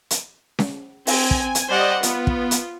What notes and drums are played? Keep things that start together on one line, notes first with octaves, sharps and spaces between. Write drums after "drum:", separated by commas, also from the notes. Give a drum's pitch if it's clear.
drum: hi-hat
drum: snare C#4
C4 G#5, drum: open hi-hat
drum: kick
drum: hi-hat
G3 C5 D5 D#5 F#5
B3 F4, drum: hi-hat
drum: kick
drum: hi-hat